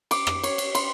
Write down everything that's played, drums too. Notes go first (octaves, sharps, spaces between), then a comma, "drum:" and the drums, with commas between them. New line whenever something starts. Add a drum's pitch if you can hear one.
D6, drum: cymbal
drum: rim click
C#5, drum: cymbal
drum: cymbal
C6, drum: cymbal